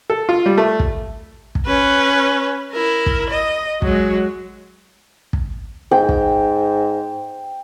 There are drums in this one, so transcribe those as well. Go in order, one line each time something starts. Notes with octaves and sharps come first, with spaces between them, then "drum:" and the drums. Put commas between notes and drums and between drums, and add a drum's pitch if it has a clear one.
A4
F4
G3
A3
drum: kick
drum: kick
C#4 B4
E4 A#4
drum: kick
D#5
F#3 G#3, drum: kick
drum: kick
G#2 G5
drum: kick